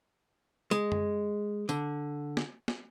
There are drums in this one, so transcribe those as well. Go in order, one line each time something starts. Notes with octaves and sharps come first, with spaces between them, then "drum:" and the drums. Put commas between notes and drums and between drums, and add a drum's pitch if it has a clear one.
G#3, drum: hi-hat
drum: tom F#2
D3, drum: tambourine
drum: snare
drum: snare